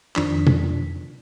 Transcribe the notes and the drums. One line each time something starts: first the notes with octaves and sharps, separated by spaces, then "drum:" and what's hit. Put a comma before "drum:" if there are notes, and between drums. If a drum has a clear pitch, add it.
F2 D#3 F3 D4 B6, drum: clap
drum: tom